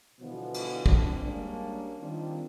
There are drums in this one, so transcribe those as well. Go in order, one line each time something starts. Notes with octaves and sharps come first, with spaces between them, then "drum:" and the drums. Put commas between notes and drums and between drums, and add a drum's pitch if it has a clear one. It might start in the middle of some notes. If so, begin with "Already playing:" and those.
B2 D3 E3 F3 G3 B3
drum: cymbal
A#1 C3 D4, drum: kick
G3 G#3 A#3 C#4 D4
D#3 G3 C4 D4 D#4 F4